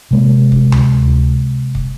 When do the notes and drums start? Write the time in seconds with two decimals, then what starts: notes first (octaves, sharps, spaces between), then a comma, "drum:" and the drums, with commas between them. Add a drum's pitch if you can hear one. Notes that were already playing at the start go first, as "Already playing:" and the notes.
0.11 C3 G#3 A#3
0.52 drum: kick
0.72 drum: tom D2
1.75 drum: kick